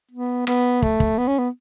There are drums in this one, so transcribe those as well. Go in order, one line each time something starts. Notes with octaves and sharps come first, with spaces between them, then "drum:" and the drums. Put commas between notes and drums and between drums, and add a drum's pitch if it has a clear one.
B3
B3, drum: rim click
A3, drum: kick
drum: kick
B3
C#4
B3